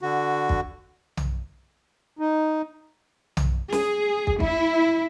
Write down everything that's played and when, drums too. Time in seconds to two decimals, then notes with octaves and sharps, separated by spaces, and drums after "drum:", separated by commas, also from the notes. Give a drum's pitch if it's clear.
0.01 D3 F#4
0.49 drum: kick
1.17 drum: tom B1
2.19 D#4
3.37 drum: tom B1
3.72 G#4, drum: snare
4.27 drum: kick
4.40 E4, drum: kick